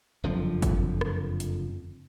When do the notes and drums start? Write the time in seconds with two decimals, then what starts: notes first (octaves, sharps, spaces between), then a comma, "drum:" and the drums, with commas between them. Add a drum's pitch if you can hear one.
0.24 F#1 F2 D3 F3
0.62 drum: kick G1, hi-hat
1.01 drum: rim click
1.40 drum: hi-hat